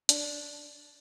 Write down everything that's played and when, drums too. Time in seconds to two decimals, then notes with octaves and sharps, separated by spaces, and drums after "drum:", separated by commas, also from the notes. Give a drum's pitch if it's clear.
0.09 D4, drum: hi-hat